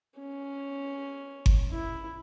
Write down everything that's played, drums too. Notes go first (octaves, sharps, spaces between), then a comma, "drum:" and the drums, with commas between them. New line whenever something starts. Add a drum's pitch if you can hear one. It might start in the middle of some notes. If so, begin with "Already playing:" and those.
C#4
drum: kick G1
E4